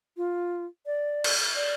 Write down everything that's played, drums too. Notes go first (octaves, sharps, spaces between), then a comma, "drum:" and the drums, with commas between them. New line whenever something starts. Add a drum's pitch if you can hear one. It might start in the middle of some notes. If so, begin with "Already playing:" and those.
F4
D5
drum: cymbal
D5